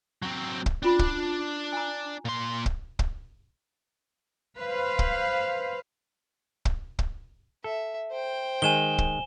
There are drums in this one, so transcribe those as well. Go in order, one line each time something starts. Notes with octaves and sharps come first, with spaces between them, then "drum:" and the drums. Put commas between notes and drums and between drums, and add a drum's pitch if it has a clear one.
F#3 C4
drum: kick
C#4 D4 F4 B5
drum: kick
G#5 A#5
A#2 C6
drum: kick
drum: kick
B4 C5 F5
drum: kick
drum: kick
drum: kick
A4 E5
C5 G5
D#3 G#3 G#5 E7 G7
drum: kick